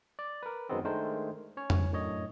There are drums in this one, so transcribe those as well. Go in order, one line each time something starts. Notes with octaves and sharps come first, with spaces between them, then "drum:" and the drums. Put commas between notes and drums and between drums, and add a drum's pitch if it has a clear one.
D5
A#4 B4
F#2 D#3 F#3 G#3 B3 C4
D#3 G#3 A3 D4 A#4 C5
C#4 C#5
drum: tom F2
F#2 A2 D4 C#5 D#5